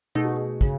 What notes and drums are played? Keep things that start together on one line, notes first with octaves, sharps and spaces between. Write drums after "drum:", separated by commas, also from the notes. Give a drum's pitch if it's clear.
B2 A3 D#4 G#4
F#4
G#4
C#3 G#4, drum: kick